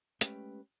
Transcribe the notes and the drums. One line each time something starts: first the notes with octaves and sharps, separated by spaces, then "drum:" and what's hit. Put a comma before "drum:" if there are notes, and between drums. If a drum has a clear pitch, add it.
G#3 A3 C#4 G4 B4 G5, drum: hi-hat